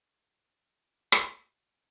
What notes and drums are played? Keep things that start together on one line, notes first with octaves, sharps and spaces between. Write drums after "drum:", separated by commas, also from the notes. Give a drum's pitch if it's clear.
F2 F#3 E4
G3 B3 F#4
drum: rim click